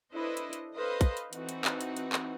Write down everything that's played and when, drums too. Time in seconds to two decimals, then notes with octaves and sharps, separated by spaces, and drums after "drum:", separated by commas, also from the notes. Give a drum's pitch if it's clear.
0.13 D4 E4 A4 B4 C5 D#5
0.37 drum: hi-hat
0.53 drum: hi-hat
0.76 A4 B4 C5 D#5 F5 B5
1.01 drum: kick, hi-hat
1.17 drum: hi-hat
1.33 E3 C4 D#4 F#4, drum: hi-hat
1.49 drum: hi-hat
1.65 drum: clap
1.81 drum: hi-hat
1.97 drum: hi-hat
2.12 drum: clap